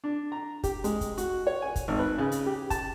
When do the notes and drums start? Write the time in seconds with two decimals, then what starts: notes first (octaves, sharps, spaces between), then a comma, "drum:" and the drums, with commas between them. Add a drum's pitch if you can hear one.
0.04 D4
0.32 A#5
0.63 G4, drum: kick, hi-hat
0.84 G#3, drum: hi-hat
1.01 drum: kick, hi-hat
1.18 F#4, drum: hi-hat
1.47 C#5
1.62 G#5
1.76 drum: kick, hi-hat
1.88 G#1
1.99 B4
2.18 C#3
2.32 drum: hi-hat
2.46 G4
2.70 A5, drum: kick, hi-hat